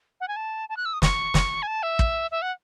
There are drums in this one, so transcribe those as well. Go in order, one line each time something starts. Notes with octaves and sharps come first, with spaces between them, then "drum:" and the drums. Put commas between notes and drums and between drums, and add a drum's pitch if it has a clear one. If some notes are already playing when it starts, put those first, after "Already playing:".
F#5
G#5
A5
A5
F#6
E6
D#6
C#6, drum: snare
drum: snare
G#5
A5
E5
drum: kick
E5
F#5